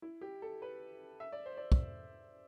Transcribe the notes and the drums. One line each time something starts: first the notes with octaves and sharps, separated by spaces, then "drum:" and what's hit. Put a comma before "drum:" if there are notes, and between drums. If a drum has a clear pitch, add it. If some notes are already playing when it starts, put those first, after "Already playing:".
E4
G4
A4
B4
E5
D5
C5
D5
drum: kick